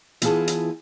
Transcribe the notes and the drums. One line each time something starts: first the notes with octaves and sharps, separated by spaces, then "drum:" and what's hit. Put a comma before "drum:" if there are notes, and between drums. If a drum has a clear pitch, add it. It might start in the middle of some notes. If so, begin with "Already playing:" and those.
E3 B3 E4 F4 G#4 A5, drum: hi-hat
drum: hi-hat